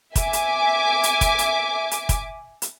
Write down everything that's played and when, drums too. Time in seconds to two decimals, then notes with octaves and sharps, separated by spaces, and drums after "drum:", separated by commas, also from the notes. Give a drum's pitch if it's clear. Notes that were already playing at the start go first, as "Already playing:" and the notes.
0.16 E5 G#5 D6, drum: kick, hi-hat
0.33 drum: hi-hat
1.03 drum: hi-hat
1.21 drum: kick, hi-hat
1.39 drum: hi-hat
1.91 drum: hi-hat
2.09 drum: kick, hi-hat
2.62 drum: hi-hat